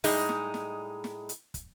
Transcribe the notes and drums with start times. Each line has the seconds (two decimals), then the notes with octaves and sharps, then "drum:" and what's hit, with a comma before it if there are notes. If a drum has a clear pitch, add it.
0.04 A2 G3 G#3 D#4 G#4 D#5, drum: open hi-hat
0.29 drum: snare
0.54 drum: snare
1.04 drum: snare
1.29 drum: hi-hat
1.54 drum: kick, hi-hat